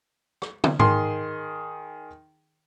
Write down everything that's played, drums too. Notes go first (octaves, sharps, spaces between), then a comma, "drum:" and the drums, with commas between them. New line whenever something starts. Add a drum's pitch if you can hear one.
drum: rim click
drum: tom
D#3 G#4 C6, drum: tom G#2